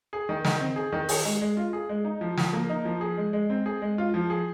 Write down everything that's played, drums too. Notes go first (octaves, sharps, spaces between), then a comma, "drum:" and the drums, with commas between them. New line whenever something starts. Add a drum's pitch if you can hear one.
G#4
D#3
D#3, drum: snare
C4
G#4
D#3
G#4, drum: open hi-hat
G#3
G#3
F4
G#4
G#3
D#4
F3
F3, drum: snare
A#3
D#4
F3
G#4
G#3
G#3
C4
G#4
G#3
F4
F3
G#4